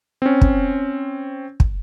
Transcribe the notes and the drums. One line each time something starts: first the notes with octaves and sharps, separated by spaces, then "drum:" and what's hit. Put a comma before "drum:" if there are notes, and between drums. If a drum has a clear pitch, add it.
C4 C#4
drum: kick
drum: kick